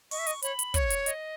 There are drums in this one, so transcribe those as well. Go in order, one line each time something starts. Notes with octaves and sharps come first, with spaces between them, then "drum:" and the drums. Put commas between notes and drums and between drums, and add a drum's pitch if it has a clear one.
D#5 C#6, drum: open hi-hat
E5
D#5, drum: hi-hat
C#5 B5, drum: hi-hat
drum: hi-hat
C#5, drum: kick, hi-hat
drum: hi-hat
D#5, drum: hi-hat